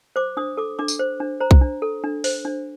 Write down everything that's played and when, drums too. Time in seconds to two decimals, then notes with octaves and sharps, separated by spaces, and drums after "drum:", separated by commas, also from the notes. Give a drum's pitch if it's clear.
0.16 C5 D6
0.37 D4 D#6
0.57 A4 D6
0.79 D4 D6
0.88 drum: tambourine
0.99 C5
1.20 D4
1.40 C5 A#5
1.51 drum: kick B1
1.61 D4
1.82 A4
2.04 D4
2.24 C5, drum: open hi-hat
2.45 D4